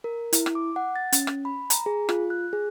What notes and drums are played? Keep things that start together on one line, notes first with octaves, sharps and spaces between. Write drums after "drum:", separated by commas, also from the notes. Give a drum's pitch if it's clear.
A#4
E4, drum: hi-hat
drum: rim click
D6
F#5
A6
C#4, drum: hi-hat
drum: rim click
B5
A#5, drum: hi-hat
G#4
F4, drum: rim click
F#6
G#4